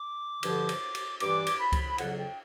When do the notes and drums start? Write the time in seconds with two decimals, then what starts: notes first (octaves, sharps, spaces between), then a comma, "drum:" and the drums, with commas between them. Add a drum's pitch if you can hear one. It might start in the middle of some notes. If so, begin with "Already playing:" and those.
Already playing: D6
0.43 G2 D3 F3, drum: cymbal
0.69 drum: cymbal
0.95 drum: cymbal
1.20 G2 E3 G3 D6, drum: cymbal
1.47 drum: cymbal
1.60 B5
1.72 drum: kick C#2, cymbal
1.98 F2 C#3 F#3 F#5, drum: cymbal
2.10 F#5
2.18 G5